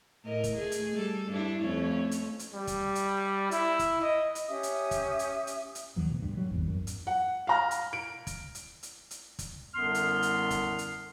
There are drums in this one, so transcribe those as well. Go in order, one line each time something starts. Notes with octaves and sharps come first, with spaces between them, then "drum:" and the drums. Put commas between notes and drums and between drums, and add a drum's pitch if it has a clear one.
A2 A#4 D#5
drum: kick, hi-hat
A3 G#4
drum: hi-hat
G3 A4
G2 D4 E4
F2 A3 C#4
drum: hi-hat
drum: hi-hat
G3
drum: kick, hi-hat
drum: hi-hat
E4, drum: hi-hat
drum: kick, hi-hat
D#5
drum: hi-hat
C#4 G4 E5 D#6
drum: hi-hat
drum: kick, hi-hat
drum: hi-hat
drum: hi-hat
drum: hi-hat
D#2 E3 F#3
D2 B2
G2
F#3 G3
G#1 E2
F#2
drum: hi-hat
F#5
F5 A#5 F6
drum: hi-hat
D7
drum: kick, hi-hat
drum: hi-hat
drum: hi-hat
drum: hi-hat
drum: kick, hi-hat
C2 F#2 D3 B3 C6 F6
drum: hi-hat
drum: hi-hat
drum: kick, hi-hat
drum: hi-hat